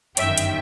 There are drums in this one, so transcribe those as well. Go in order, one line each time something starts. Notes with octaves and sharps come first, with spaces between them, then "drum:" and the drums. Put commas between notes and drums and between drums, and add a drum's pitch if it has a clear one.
G1 F#2 D#3 E5 G5, drum: hi-hat
drum: hi-hat